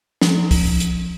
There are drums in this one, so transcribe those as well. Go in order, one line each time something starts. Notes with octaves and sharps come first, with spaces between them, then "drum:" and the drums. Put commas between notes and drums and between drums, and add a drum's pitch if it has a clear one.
F3, drum: snare
drum: kick, open hi-hat
drum: hi-hat